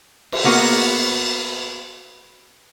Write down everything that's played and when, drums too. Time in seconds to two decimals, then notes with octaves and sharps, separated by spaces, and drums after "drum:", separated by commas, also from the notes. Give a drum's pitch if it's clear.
0.32 drum: cymbal
0.44 A#3 B3 F#4 G#4 A#4